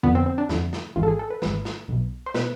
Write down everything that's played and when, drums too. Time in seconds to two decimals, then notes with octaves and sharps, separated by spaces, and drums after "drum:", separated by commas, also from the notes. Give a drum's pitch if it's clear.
0.03 F2 D3 F3 B3
0.15 C4
0.26 C4
0.38 D4
0.49 F2 D3 F3 E4, drum: snare
0.73 drum: snare
0.96 G#1 G#2 E3 F4
1.03 A4
1.08 G#4
1.19 A4
1.30 B4
1.42 G#1 G#2 E3 B4, drum: snare
1.65 drum: snare
1.88 B1 B2
2.26 C5
2.34 B2 B4, drum: snare